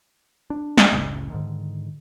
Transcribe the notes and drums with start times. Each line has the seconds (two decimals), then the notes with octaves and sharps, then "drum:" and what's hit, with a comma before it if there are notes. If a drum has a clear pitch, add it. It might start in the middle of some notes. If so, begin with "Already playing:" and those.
0.50 D4
0.78 drum: snare
0.93 F#1 C#2 A2 C#3
1.30 G#2 D3 D#3